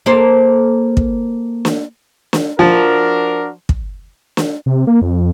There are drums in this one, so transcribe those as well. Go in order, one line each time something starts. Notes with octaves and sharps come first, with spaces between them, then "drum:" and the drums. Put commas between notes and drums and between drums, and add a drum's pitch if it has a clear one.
A#3 A4 C5
drum: kick
drum: snare
drum: snare
F3 D4 F#4 A#4
drum: kick
drum: snare
C3
A#3
F2